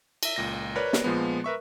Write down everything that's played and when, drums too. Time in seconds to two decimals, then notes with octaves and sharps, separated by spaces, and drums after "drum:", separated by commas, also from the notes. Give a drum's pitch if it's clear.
0.23 E5 A#6, drum: cymbal
0.36 C#2 A#2 A#6
0.75 A#4 B4 C#5 D5 B5 F#6
0.93 drum: snare
1.04 A#2 F3 G#3 B3
1.44 A#4 B4 E5 C#6